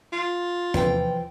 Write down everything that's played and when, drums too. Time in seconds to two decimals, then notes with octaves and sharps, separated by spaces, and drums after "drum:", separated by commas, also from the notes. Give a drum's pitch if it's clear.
0.13 F4
0.74 E3 F3 G5, drum: tom E2